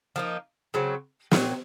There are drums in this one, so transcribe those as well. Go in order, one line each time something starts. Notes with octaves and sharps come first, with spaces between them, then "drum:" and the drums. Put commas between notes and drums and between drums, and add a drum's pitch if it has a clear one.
F3 A#3 D#4
C#3 F#3 C4
A#2 F#3 C4, drum: snare